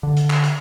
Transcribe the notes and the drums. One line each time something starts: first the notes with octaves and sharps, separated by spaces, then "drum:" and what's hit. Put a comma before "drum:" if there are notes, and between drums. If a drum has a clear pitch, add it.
D3
drum: hi-hat
drum: clap
drum: hi-hat